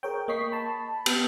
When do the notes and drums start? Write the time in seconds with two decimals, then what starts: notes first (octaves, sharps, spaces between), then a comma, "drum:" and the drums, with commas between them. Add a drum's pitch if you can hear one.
0.03 G#4 A#4 C#5 G5
0.28 A#3 D#5 G5 C#6 B6 C7
0.52 A5 B5
1.06 B3 G4, drum: cymbal